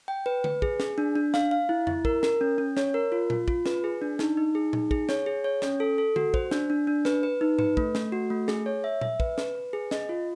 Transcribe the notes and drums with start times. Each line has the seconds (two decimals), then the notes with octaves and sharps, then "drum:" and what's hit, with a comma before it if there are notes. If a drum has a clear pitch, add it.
0.08 G5
0.26 B4
0.44 B4, drum: tom D3
0.62 G#4, drum: kick
0.80 G#4, drum: snare
0.98 D4
1.16 D4
1.34 F5, drum: snare
1.51 F5
1.69 E4
1.87 E4, drum: tom F2
2.05 A#4, drum: kick
2.23 A#4, drum: snare
2.41 C#4
2.58 C#4
2.77 C#5, drum: snare
2.94 A#4
3.12 F4
3.30 F4, drum: tom A#2
3.48 F4, drum: kick
3.66 B4, drum: snare
3.84 G#4
4.02 D4
4.19 D#4, drum: snare
4.37 D#4
4.55 G#4
4.73 D#4, drum: tom A#2
4.91 G#4, drum: kick
5.09 C#5, drum: snare
5.26 G#4
5.44 C#5
5.62 C#4, drum: snare
5.80 A4
5.98 A4
6.16 F#4, drum: tom D3
6.34 C5, drum: kick
6.51 D4, drum: snare
6.70 D4
6.87 D4
7.05 B4, drum: snare
7.23 B4
7.41 D#4
7.59 B4, drum: tom G#2
7.77 A3, drum: kick
7.95 A3, drum: snare
8.12 F#4
8.30 A3
8.48 G#4, drum: snare
8.66 C#5
8.84 E5
9.01 E5, drum: tom A#2
9.20 B4, drum: kick
9.38 B4, drum: snare
9.55 B4
9.73 G#4
9.91 D#5, drum: snare
10.09 F4